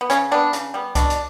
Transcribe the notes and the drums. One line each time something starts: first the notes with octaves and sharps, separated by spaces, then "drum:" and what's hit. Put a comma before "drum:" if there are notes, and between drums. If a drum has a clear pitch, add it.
B3
C#3 C#4, drum: hi-hat
G3 B3 D4
C#3, drum: hi-hat
G3 B3
B2 D4, drum: kick C2, hi-hat
drum: hi-hat